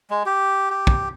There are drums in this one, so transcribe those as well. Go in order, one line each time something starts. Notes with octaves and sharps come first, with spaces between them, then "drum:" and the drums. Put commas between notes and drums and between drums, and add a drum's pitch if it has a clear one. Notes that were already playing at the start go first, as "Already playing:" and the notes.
G#3
G4
G4
drum: kick